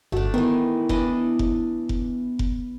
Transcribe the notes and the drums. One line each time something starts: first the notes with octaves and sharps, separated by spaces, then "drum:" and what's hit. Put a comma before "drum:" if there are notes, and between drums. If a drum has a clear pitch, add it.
G1 A3 D4 F#4
D#3 E3 B3
E3 D4 D#5, drum: kick F1
drum: kick F1
drum: kick F1
drum: kick F1